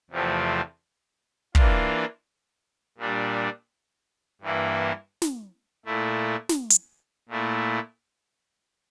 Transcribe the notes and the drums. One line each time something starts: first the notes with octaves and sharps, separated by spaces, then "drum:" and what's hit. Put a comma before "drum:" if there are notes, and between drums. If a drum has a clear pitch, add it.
E2 C3 F3 A3 C4
E3 A#3 D4 F4, drum: kick
A#2 G3 D4
G2 E3 A#3 E4
drum: snare
A#2 A3 E4
drum: snare
drum: hi-hat
A#2 A3 E4